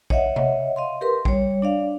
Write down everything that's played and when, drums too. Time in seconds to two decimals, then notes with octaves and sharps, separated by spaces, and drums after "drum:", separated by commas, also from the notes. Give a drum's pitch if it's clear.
0.10 C#5 D#5 E5 F#5, drum: kick
0.36 drum: tom C3
0.76 D#5 F5 C6
1.01 G4 A#4 B4 C6
1.25 G3 C#5, drum: kick
1.62 D4 D5 F5